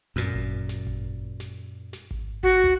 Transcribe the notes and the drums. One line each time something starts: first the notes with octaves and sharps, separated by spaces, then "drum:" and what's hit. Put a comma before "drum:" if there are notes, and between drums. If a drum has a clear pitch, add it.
F#2 A#2
drum: kick G#1
drum: snare
drum: kick G#1
drum: snare
drum: snare
drum: kick G#1
F#4, drum: kick G#1
drum: tom